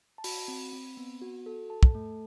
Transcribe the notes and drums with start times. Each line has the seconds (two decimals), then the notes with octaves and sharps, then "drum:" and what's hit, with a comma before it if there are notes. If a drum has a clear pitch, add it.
0.18 A5
0.24 F#4 B5, drum: open hi-hat
0.48 C4
0.73 C4
0.97 B3
1.22 F#4
1.46 A4
1.70 A4 A5
1.83 drum: kick
1.95 A3